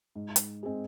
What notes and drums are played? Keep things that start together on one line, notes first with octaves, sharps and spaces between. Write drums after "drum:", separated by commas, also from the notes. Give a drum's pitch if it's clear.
G#2
drum: hi-hat
G#3 C4 G#4